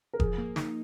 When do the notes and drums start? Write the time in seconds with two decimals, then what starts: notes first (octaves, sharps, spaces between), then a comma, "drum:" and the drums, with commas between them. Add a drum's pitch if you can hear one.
0.13 A#4
0.20 F3 G#4, drum: kick E1
0.38 A#3
0.56 D#4, drum: snare